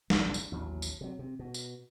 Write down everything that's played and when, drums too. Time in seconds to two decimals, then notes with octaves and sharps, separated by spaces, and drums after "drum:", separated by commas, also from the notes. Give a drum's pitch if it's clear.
0.10 G#1 C#2 F#2 A3, drum: snare
0.34 drum: tambourine
0.52 A1 D#2 F3 F#3
0.82 drum: tambourine
1.01 C3 F#3
1.19 C3
1.39 B2
1.54 drum: tambourine